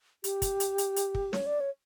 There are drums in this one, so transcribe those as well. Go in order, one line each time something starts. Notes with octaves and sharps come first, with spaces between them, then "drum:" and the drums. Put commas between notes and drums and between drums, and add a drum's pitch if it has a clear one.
G4, drum: hi-hat
drum: kick, hi-hat
drum: hi-hat
drum: hi-hat
drum: hi-hat
drum: kick
C#5, drum: snare
D5
C#5